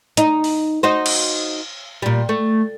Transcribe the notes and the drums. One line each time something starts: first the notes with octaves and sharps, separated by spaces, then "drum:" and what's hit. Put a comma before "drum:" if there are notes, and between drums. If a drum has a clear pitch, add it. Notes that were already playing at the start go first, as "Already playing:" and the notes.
D#4, drum: hi-hat
drum: open hi-hat
D#4 F#4 C5
drum: cymbal
A#2 G3
A3